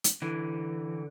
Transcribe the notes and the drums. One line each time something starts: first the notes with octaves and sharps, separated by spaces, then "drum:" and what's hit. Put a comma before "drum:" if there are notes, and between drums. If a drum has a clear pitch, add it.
drum: hi-hat
D3 E3